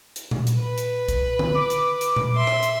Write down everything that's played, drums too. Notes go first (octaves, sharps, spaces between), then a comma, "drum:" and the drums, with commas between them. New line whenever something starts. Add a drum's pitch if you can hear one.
drum: hi-hat
drum: tom A#2
drum: hi-hat
B4
drum: hi-hat
drum: kick C2, hi-hat
drum: tom D3
D6
drum: hi-hat
drum: hi-hat
drum: tom A#2
E5 C6
drum: rim click
drum: hi-hat